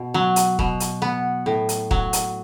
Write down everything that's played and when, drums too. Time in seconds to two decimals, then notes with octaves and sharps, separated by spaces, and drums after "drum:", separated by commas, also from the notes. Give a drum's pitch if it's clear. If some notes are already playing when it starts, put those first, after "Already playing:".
Already playing: B2
0.14 F#3
0.36 drum: hi-hat
0.59 B2, drum: kick
0.80 drum: hi-hat
1.02 B3
1.46 A2
1.69 drum: hi-hat
1.91 F#3, drum: kick
2.13 drum: hi-hat